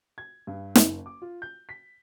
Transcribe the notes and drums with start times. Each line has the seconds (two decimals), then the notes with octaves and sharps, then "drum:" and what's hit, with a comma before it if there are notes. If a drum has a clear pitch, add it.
0.18 G#6
0.47 G2
0.75 F#1, drum: snare
1.06 D6
1.22 F4
1.42 G6
1.69 B6